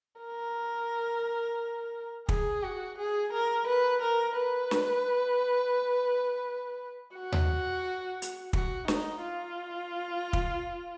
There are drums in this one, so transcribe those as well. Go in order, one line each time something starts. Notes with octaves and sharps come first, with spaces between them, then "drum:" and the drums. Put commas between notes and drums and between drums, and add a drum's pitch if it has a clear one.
A#4
G#4, drum: kick
F#4
G#4
A#4
B4
A#4
B4
drum: snare
F#4
drum: tom D#2
drum: hi-hat
F#4, drum: kick
D#4, drum: snare
F4
drum: kick